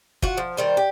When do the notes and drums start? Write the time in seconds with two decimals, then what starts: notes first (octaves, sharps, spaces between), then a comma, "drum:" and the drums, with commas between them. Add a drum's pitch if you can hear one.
0.22 F4 F#4, drum: kick
0.37 F3
0.57 D#3 G3 C5
0.77 G4